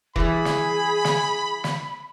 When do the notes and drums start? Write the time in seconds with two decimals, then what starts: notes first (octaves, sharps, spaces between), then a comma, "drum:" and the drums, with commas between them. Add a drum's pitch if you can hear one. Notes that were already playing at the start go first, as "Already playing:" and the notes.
0.16 E3 G3 G#4 B5, drum: kick
0.45 drum: snare
1.05 drum: snare
1.64 drum: snare